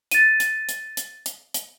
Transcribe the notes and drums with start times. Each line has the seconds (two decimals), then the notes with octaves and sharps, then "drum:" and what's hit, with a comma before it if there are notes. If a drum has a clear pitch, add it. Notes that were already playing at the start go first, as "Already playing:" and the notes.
0.11 A6 D#7, drum: hi-hat
0.40 drum: hi-hat
0.69 drum: hi-hat
0.97 drum: hi-hat
1.26 drum: hi-hat
1.54 drum: hi-hat